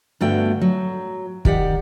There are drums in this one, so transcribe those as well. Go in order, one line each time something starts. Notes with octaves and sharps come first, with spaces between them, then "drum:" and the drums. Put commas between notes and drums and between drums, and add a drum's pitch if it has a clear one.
G2 D3 A3 B3 F#4 G5
F#3
D#3 G4 D5 F#5, drum: kick